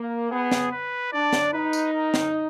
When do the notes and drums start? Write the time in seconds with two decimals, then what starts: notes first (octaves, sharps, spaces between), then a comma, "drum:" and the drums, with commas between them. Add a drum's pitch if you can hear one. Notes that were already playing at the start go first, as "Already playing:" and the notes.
Already playing: A#3
0.31 B3 G#4
0.51 drum: snare
0.72 B4
1.12 D4 D5
1.33 drum: snare
1.53 D#4 B4
1.73 drum: tambourine
1.93 A#4
2.14 drum: snare